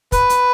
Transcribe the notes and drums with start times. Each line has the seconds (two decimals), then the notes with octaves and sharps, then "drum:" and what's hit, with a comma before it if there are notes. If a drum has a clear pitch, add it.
0.12 B4, drum: kick, hi-hat
0.30 drum: hi-hat